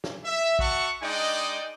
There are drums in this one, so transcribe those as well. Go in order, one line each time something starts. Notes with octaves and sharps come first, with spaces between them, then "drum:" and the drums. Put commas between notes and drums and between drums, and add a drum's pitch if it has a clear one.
drum: snare
E5
F#4 E5 F#5 A5 C#6, drum: kick
G#3 D4 D#4 D5 D#5 G5